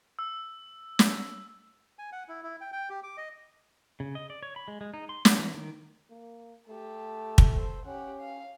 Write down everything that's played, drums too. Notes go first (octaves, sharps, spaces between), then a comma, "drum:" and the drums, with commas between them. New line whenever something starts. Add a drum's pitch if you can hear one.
E6
drum: snare
G#5
F#5
E4
E4
G5
G5
G4
D6
D#5
C#3
D#5
D5
C#5
B5
G#3
G#3
D#4
C6
F#5, drum: snare
E3
D#3
A#3
A3 G4 A5
drum: kick
A4 C5
C#4 G4 F#5
F5